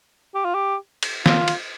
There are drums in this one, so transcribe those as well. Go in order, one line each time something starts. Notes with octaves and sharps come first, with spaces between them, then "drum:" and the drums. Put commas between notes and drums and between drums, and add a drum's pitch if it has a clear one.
G4
F4
G4
drum: cymbal
F4, drum: snare
drum: cymbal